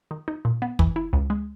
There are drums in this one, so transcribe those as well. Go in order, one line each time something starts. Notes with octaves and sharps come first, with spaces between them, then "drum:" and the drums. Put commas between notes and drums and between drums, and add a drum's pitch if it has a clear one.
D#3
D#4
A#2
B3
E3, drum: kick
E4
C#2
G#3